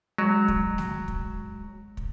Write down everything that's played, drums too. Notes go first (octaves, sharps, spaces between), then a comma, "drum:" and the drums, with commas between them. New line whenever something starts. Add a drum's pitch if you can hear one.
F#3 G#3
drum: kick
drum: snare A3
drum: kick
drum: kick